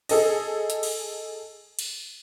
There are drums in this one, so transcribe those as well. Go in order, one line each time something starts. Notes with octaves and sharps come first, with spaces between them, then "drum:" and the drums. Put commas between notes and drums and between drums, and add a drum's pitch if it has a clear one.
G#4 A4 D#5, drum: cymbal
drum: hi-hat
drum: cymbal
drum: cymbal